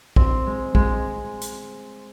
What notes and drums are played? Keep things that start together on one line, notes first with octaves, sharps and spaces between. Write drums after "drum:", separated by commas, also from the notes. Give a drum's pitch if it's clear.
C4, drum: kick
G#3
G#3, drum: kick
drum: hi-hat